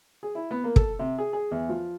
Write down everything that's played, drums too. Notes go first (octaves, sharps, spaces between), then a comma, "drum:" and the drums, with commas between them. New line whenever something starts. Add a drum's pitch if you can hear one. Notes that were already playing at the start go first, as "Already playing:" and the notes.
G#4
E4
B3
A#3
A4, drum: kick
C3
G#4
G#4
E2
F3